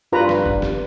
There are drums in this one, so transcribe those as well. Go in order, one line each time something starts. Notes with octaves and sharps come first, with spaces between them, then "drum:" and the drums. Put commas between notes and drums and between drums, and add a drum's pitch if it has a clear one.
G2 F4 B4 A#5
drum: snare
drum: kick
drum: snare